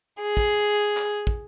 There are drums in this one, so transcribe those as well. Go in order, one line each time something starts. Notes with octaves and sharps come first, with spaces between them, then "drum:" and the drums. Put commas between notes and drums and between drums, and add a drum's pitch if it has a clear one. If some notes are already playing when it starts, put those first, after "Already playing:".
G#4
drum: kick
drum: clap
drum: kick